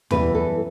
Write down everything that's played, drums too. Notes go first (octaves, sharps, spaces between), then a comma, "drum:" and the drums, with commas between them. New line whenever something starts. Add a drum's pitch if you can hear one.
F#2 E3 G3 B3 B4, drum: tom
A4